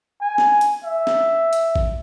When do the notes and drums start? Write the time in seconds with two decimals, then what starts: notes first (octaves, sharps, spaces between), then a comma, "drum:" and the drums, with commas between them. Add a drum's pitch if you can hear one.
0.21 G#5
0.38 drum: snare
0.61 drum: hi-hat
0.84 E5
1.07 drum: snare
1.53 drum: hi-hat
1.76 drum: kick